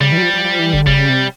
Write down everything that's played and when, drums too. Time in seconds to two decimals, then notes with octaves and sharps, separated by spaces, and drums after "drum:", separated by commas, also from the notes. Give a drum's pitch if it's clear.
0.01 C#3 G3
0.12 E3
0.18 F#3
0.22 F3
0.34 F3
0.45 F3
0.59 E3
0.73 D3, drum: kick
0.87 C#3 G3, drum: kick
1.09 C3